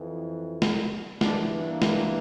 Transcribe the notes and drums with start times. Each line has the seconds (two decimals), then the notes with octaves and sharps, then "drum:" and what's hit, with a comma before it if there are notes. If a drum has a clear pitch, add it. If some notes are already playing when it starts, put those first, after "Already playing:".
Already playing: F2 E3
0.62 drum: snare
1.21 G2 E3 D4, drum: snare
1.67 A#3
1.82 drum: snare